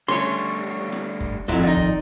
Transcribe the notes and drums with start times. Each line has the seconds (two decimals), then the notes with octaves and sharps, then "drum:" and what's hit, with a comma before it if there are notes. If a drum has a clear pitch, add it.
0.08 G3 A3 C#4 D4 C#5 C6
0.92 drum: snare
1.20 drum: kick
1.48 F2 G#2 F#3 E4 F4, drum: kick
1.63 D#3 D#4 D5
1.77 drum: kick